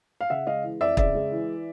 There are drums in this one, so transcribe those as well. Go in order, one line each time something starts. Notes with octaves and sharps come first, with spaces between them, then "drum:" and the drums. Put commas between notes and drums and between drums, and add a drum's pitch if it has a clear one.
F5
C#3 E5 F#5
G#3 D#5 F5
E3
F2 D5 E5
C#3 D5 E5, drum: kick
G#3
E3